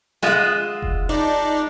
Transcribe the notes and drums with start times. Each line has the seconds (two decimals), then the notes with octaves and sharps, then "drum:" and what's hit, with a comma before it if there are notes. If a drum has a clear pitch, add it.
0.23 G#3 F4 D#5 E5 F#5, drum: snare
0.82 drum: kick F1
1.09 D4 D#4 D5